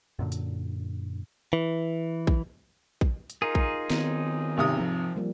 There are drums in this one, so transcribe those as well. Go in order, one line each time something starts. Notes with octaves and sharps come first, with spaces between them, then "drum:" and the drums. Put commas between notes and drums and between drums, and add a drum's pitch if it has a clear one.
F#2 A#2 D3
drum: hi-hat
E3
drum: kick
drum: kick
drum: hi-hat
D#4 F4 G#4 A#4
drum: kick
D#3 B3 C4, drum: snare
G#1 C3 D#6
F3
F3 G3 A#3